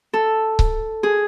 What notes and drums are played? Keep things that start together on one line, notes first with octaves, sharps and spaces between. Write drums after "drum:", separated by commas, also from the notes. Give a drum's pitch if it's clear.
A4
drum: kick C#1
G#4